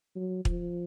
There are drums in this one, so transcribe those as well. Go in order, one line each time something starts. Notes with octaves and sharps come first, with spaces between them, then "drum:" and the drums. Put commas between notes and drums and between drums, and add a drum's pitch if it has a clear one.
F#3
F3, drum: kick